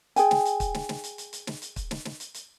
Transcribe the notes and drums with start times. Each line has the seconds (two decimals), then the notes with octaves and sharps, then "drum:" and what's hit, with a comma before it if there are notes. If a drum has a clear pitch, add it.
0.16 G#4 G5 G#5, drum: hi-hat
0.31 drum: snare
0.45 drum: hi-hat
0.60 drum: kick, hi-hat
0.74 drum: snare
0.89 drum: snare
1.04 drum: hi-hat
1.18 drum: hi-hat
1.33 drum: hi-hat
1.47 drum: snare
1.62 drum: hi-hat
1.76 drum: kick, hi-hat
1.91 drum: snare
2.05 drum: snare
2.20 drum: hi-hat
2.34 drum: hi-hat